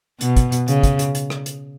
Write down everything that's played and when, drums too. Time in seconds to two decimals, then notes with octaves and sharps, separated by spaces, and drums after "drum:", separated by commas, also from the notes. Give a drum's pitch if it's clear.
0.21 B2, drum: hi-hat
0.36 drum: kick, hi-hat
0.52 drum: hi-hat
0.68 C#3, drum: hi-hat
0.83 drum: kick, hi-hat
0.99 drum: hi-hat
1.15 drum: hi-hat
1.30 drum: rim click
1.46 drum: hi-hat